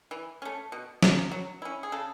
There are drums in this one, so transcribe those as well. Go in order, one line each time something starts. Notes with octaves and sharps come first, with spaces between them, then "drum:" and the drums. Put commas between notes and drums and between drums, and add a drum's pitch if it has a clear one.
E3
A3 C#4
B2
F#3 C#4, drum: snare
F#3
C#4 E4
G#4
C#3 A4